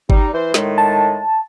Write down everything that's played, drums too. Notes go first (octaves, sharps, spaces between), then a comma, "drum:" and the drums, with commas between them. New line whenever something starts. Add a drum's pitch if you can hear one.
G3 D#4, drum: kick G1
E3 C5
A2 D#3 G#3, drum: snare
A5